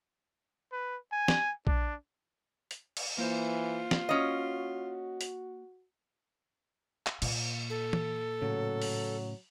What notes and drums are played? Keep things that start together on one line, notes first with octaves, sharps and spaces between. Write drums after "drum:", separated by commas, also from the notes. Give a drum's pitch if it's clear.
B4
G#5
drum: snare
D4, drum: kick A#1
drum: hi-hat
drum: cymbal
E3 A#3 F4 C5
drum: snare
C#4 F#4 D#5
drum: hi-hat
drum: clap
A#2, drum: cymbal
A4
drum: tom
A2 C#3 F#3
drum: open hi-hat